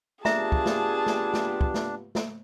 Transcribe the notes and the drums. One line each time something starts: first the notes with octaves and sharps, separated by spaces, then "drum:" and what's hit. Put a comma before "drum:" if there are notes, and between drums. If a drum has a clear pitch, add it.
B3 D4 F4 G4 G#4 E5 A5 A#5, drum: snare
drum: kick
drum: snare
drum: snare
drum: snare
drum: kick
drum: snare
drum: snare